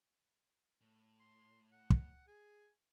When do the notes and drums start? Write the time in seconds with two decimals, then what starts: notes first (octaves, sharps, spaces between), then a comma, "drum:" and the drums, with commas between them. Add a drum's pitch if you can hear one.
0.81 A2
1.20 C6
1.72 F#5
1.90 drum: kick
2.28 G#4 G#5